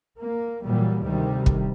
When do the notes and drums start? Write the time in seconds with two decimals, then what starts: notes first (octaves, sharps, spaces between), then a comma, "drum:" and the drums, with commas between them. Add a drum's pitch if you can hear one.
0.19 A#3
0.66 A#2 E3 F#3 G3
1.03 D2 C3 D#3 G3
1.46 drum: kick